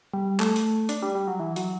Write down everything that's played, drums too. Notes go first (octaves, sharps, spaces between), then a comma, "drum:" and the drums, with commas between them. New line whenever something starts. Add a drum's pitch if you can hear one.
G3
A3, drum: clap
drum: hi-hat
D4, drum: hi-hat
G3
G3
F#3
E3
F#3, drum: hi-hat